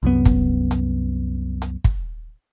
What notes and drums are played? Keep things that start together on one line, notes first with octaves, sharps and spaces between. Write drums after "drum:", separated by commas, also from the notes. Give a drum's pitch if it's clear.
C2 F#2 B3
drum: kick, hi-hat
drum: hi-hat
drum: hi-hat
drum: kick